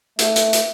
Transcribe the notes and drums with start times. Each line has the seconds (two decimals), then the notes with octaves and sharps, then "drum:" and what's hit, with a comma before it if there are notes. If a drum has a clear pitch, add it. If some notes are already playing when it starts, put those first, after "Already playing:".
0.19 A3, drum: hi-hat
0.36 drum: hi-hat
0.53 drum: hi-hat